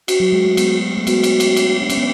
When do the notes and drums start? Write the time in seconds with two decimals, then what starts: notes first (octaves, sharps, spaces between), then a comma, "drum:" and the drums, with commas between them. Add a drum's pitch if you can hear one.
0.08 F#4, drum: cymbal
0.20 F#3
0.33 G#3
0.45 A3
0.57 G#3 B3, drum: cymbal
0.97 A3
1.07 G#3 B3 F#4, drum: cymbal
1.23 drum: cymbal
1.40 drum: cymbal
1.57 drum: cymbal
1.82 D4
1.90 C#4, drum: cymbal
1.98 B3